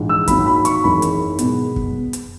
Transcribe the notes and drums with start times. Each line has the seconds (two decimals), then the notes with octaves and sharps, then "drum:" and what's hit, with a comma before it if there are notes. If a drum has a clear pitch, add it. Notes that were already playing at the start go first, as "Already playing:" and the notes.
Already playing: A#1 G#2 E3
0.09 E6
0.28 D#2 D#3 F#3 A#3 B5, drum: kick F#2, hi-hat
0.46 B5
0.65 C#6, drum: hi-hat
0.84 G#1 F#2 E3 G#3 B5
1.02 drum: hi-hat
1.39 B2 G#3 B3, drum: hi-hat
1.76 drum: kick F#2
2.13 drum: hi-hat